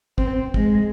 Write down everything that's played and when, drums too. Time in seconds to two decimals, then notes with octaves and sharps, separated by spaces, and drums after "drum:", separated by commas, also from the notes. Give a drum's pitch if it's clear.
0.18 C4, drum: kick
0.54 G#3, drum: kick